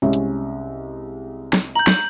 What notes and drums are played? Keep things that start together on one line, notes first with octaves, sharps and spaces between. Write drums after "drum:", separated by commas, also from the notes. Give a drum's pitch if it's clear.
C2 G#3 C#4
drum: hi-hat
drum: snare
A#5 G6 F#7
drum: snare